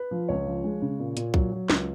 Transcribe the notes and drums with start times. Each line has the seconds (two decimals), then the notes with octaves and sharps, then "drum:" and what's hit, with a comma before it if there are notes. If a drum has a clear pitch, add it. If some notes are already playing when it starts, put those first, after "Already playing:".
Already playing: B4
0.11 F3
0.29 C#2 C#5
0.46 F3
0.64 G#3
0.82 C#3
0.99 A#2
1.17 A#2, drum: hi-hat
1.34 F#3, drum: kick
1.52 F#3
1.70 C#2, drum: snare